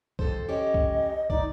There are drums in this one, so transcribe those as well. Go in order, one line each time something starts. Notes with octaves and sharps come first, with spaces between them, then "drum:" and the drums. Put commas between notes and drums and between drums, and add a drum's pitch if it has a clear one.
F2 A4 C5, drum: kick
C#4 G4 D#5
drum: kick
D#4 D5, drum: kick